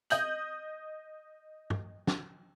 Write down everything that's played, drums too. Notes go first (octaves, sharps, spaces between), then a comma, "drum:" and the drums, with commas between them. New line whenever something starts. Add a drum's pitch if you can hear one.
D#5 G6 F#7, drum: hi-hat
drum: tom G2
drum: snare